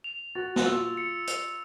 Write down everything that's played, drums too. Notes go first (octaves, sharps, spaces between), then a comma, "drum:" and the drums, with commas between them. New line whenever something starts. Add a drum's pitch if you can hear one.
F7
F#4 A6
F#4, drum: snare
F4 E6
C#7
F7, drum: hi-hat